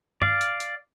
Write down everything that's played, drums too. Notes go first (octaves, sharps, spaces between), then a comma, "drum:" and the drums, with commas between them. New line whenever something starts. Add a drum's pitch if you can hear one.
D5 F5, drum: tom G2
drum: hi-hat
drum: hi-hat